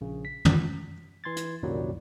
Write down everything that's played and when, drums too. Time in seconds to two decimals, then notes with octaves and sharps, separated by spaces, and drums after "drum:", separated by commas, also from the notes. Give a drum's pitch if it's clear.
0.01 A#1 C#3
0.25 B6
0.45 drum: tom
1.24 E3 C6 G#6 A6
1.36 drum: hi-hat
1.63 C2 F#2 A#2 D#3 F#3 G3